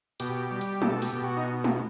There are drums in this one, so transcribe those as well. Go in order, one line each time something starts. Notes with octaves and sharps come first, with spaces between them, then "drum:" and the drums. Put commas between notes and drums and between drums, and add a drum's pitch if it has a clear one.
B2 G4, drum: hi-hat
G3
drum: hi-hat
B2 A4, drum: tom G#3
G4, drum: open hi-hat
B2
F#4
D#4
drum: tom G#3